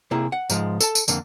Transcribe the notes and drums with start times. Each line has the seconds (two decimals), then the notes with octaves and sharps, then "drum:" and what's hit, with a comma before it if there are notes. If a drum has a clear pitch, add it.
0.11 C3 A#3 E4 G#4
0.32 F#5
0.50 G#2 F3 G#3, drum: tambourine
0.81 A4 A5, drum: tambourine
0.95 drum: tambourine
1.08 F2 D3 A#3, drum: tambourine